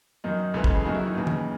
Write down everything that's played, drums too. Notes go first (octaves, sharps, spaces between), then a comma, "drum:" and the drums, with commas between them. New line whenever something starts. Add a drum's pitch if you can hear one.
F#2 D#3 D#4
C#2 C#3 E3 A4
A4, drum: kick
G#4
F#2 D#3 F#4
E4
D#4
D#2 C#3 E3
drum: tom D#3